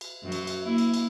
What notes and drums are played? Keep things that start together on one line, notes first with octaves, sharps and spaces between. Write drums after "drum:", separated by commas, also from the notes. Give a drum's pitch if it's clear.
drum: cymbal
F#2 F#3
drum: cymbal
drum: cymbal
A#3 E4
drum: cymbal
drum: cymbal